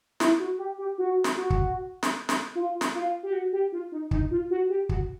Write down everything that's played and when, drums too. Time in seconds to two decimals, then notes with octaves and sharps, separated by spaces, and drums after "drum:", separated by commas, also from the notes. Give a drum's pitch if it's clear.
0.20 E4, drum: snare
0.40 F#4
0.58 G4
0.78 G4
0.98 F#4
1.24 drum: snare
1.37 F#4
1.50 drum: kick
2.03 drum: snare
2.29 drum: snare
2.55 F4
2.81 drum: snare
2.95 F4
3.23 G4
3.33 F#4
3.53 G4
3.72 F4
3.92 D#4
4.11 D#4, drum: kick
4.31 F4
4.50 F#4
4.70 G4
4.89 F#4, drum: kick